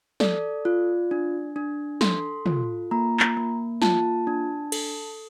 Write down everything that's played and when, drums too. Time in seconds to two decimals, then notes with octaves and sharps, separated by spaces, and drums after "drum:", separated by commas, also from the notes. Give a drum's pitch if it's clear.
0.20 A4 D5, drum: snare
0.65 F4
1.11 D4
1.56 D4
2.01 A4 C6, drum: snare
2.46 F4, drum: tom
2.91 A#3 A#5
3.20 drum: clap
3.37 A#3
3.82 F4 A5, drum: snare
4.27 D4
4.72 A4, drum: cymbal